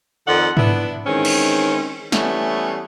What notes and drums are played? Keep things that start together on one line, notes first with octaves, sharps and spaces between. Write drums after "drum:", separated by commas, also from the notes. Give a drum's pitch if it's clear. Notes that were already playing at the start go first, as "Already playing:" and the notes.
F2 D#3 A4 D5 F#5
B3 D4 E4, drum: tom G#2
D#3 E3 G#3 C4 C#4
drum: cymbal
E3 G3 A3 B3 C#4, drum: snare